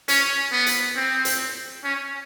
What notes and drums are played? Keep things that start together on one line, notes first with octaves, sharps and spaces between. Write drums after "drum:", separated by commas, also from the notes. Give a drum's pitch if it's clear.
C#4, drum: hi-hat
B3
drum: hi-hat
C4
drum: hi-hat
C#4